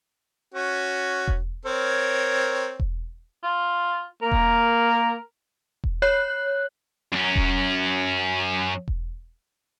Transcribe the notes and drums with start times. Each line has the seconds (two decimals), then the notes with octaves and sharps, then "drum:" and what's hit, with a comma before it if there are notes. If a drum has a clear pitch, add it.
0.54 C#4 F#4
1.28 drum: kick E1
1.66 C4 A#4 C#5
2.80 drum: kick E1
3.44 F4
4.23 A#3 A#4
4.32 drum: kick E1
5.84 drum: kick E1
6.02 C#5 F#6
7.12 F#2 C#4
7.36 drum: kick E1
8.88 drum: kick E1